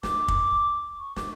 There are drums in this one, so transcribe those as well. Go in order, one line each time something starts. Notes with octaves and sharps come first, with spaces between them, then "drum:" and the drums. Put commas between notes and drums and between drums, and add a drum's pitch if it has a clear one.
D6, drum: snare
drum: kick
C#6
D6, drum: snare